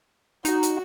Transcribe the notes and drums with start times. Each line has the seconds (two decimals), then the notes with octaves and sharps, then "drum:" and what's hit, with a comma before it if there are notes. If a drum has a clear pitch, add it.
0.45 D#4 F#4, drum: hi-hat
0.63 drum: hi-hat